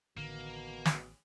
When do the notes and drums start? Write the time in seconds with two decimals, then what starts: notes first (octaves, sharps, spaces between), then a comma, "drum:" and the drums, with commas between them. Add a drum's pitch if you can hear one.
0.17 A1 B2 D3 D#3 A#3
0.85 drum: snare